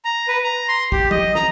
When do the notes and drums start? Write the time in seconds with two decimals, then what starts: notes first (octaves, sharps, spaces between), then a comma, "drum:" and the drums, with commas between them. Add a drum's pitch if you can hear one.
0.05 A#5
0.28 B4
0.44 A#5
0.69 C6
0.92 G4, drum: kick
1.11 D#5, drum: tom
1.35 A#5, drum: snare